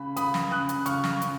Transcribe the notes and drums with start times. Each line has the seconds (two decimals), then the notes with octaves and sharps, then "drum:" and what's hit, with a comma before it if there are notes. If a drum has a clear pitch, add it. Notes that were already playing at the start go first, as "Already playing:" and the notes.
Already playing: C#2 C#3 B5
0.16 C#2 B5 D#6, drum: hi-hat
0.34 drum: snare
0.51 C#3 D#6 F#6
0.69 drum: hi-hat
0.86 C#2 C#6 F6, drum: hi-hat
1.04 drum: snare
1.21 C#3, drum: hi-hat